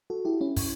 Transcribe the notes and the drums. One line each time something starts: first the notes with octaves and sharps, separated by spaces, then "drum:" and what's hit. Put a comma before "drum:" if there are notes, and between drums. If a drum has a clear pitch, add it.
F#4 A4
E4 G4
C#4 E4
drum: kick, open hi-hat